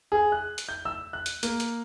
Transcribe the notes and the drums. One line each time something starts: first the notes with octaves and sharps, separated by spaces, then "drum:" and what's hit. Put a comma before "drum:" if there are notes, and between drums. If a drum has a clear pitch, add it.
G#4
F#6
drum: hi-hat
G6
E6
F#6
drum: hi-hat
A#3, drum: hi-hat
drum: hi-hat